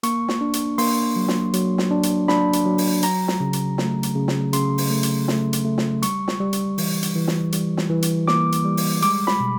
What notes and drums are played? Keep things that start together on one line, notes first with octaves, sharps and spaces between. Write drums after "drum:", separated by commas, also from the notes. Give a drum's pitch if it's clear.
A#3 C#6, drum: hi-hat
drum: snare
D4
drum: hi-hat
A#3 C6, drum: open hi-hat
F#3
drum: snare
F#3, drum: hi-hat
drum: snare
D4
drum: hi-hat
D4 B5, drum: snare
drum: hi-hat
F#3
drum: open hi-hat
F#3 A#5, drum: hi-hat
drum: snare
C#3
drum: hi-hat
A3, drum: snare
drum: hi-hat
C#3
drum: snare
C#3 C6, drum: hi-hat
drum: open hi-hat
A3
drum: hi-hat
A3, drum: snare
drum: hi-hat
A3
drum: snare
G3 C#6, drum: hi-hat
drum: snare
G3
drum: hi-hat
E3, drum: open hi-hat
drum: hi-hat
E3
drum: snare
G3, drum: hi-hat
drum: snare
E3
drum: hi-hat
A#3 D6, drum: snare
drum: hi-hat
G3
drum: open hi-hat
G#3 D6, drum: hi-hat
B5, drum: snare
B2